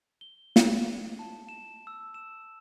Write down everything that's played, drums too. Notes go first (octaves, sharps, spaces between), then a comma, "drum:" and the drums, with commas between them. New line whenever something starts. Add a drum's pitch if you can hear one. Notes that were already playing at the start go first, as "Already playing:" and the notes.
G7
drum: snare
A5
E7
E6
E7